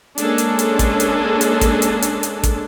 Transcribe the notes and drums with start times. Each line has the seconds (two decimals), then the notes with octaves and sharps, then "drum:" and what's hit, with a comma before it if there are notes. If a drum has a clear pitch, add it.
0.18 G#3 A#3 C#4 D4 G#4 A4, drum: hi-hat
0.38 drum: hi-hat
0.59 drum: hi-hat
0.79 drum: kick, hi-hat
1.00 drum: hi-hat
1.41 drum: hi-hat
1.61 drum: kick, hi-hat
1.82 drum: hi-hat
2.02 drum: hi-hat
2.23 drum: hi-hat
2.43 drum: kick, hi-hat